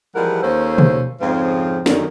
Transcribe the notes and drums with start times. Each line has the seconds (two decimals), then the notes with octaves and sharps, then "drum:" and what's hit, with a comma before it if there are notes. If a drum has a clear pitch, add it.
0.15 E3 F3 G3 G#3 A#4 F#5
0.42 D#2 A#3 C#4 A4 C5
0.78 drum: tom B2
1.20 F2 G#2 C#3 F3 C4 F4
1.86 F#2 D3 D#3, drum: snare